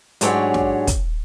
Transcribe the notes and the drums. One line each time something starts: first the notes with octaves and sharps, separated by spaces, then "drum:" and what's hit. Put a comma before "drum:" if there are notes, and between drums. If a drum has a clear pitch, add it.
G#2 F#3 D4 G4 G#4 C#5, drum: hi-hat
drum: snare
drum: kick, hi-hat